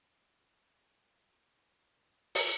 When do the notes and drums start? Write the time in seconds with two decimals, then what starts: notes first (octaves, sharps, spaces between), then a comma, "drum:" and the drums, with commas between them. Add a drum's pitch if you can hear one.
0.23 G2 F4
2.35 drum: open hi-hat